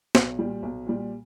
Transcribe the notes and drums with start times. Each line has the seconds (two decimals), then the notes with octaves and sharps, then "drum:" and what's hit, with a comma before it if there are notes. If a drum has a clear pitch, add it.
0.15 B1, drum: snare
0.39 A#2 G3
0.63 B1
0.86 A#2 G3